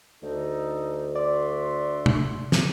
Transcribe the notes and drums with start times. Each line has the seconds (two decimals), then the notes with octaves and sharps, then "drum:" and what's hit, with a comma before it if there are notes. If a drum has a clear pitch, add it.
0.23 D2 D#4 A4
1.16 F#4 D5 E5 C6
2.06 drum: tom
2.52 drum: snare